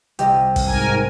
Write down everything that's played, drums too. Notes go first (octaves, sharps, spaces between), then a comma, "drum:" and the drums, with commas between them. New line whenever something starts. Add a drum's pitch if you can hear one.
C2 G4 D#5, drum: hi-hat
drum: kick, open hi-hat
G#2 C3 A#4 G#5 A#5